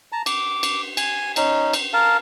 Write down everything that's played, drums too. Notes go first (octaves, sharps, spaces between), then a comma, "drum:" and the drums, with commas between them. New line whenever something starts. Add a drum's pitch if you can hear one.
A5 A#5
D6, drum: cymbal
drum: cymbal
G#5, drum: cymbal
C#4 D#4, drum: cymbal
drum: cymbal
A#4 F5 A5